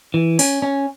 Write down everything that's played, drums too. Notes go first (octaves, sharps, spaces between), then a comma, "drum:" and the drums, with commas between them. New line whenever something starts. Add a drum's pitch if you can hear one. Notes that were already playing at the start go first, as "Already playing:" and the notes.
E3
C#4, drum: open hi-hat
C#4